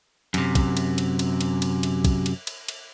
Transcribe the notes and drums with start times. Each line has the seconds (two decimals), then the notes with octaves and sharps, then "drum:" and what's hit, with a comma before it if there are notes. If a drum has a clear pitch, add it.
0.34 F#2 C3, drum: cymbal
0.55 drum: kick, cymbal
0.77 drum: cymbal
0.98 drum: cymbal
1.19 drum: cymbal
1.41 drum: cymbal
1.62 drum: cymbal
1.83 drum: cymbal
2.05 drum: kick, cymbal
2.26 drum: cymbal
2.47 drum: cymbal
2.68 drum: cymbal